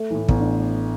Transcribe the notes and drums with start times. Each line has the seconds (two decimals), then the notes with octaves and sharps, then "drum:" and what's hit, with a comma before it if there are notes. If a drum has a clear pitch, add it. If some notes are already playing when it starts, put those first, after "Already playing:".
Already playing: A3
0.10 A2 E3
0.29 A1 B3, drum: kick
0.40 D4